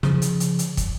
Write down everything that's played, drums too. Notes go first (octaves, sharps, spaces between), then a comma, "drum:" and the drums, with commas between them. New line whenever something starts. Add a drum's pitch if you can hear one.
C#3 F3, drum: snare
drum: hi-hat
drum: hi-hat
drum: hi-hat
drum: kick, hi-hat